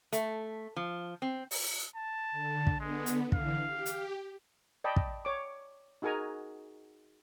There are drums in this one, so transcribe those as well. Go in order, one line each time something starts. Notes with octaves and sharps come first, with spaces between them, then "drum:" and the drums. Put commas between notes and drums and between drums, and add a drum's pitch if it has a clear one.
A3, drum: hi-hat
F3
C4
drum: open hi-hat
A5
D3
drum: kick
D3 G#3 B3
drum: hi-hat
D3 E3 F5, drum: kick
G4
drum: hi-hat
D5 D#5 G5 A5 B5
drum: kick
C#5 D6
D#4 F#4 G#4 A#4 G#5 A#5